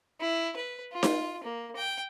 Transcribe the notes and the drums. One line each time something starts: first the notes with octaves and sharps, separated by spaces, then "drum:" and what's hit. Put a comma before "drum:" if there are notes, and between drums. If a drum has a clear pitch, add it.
E4
B4
F4
drum: snare D#4
A#3
G5